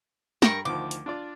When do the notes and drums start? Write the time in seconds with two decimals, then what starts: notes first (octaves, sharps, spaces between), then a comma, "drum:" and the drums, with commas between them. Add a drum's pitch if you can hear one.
0.42 G2 A#4 G5 C#6, drum: snare
0.65 D2 D#3 F3 D6
0.91 drum: hi-hat
1.06 D4 F4 D5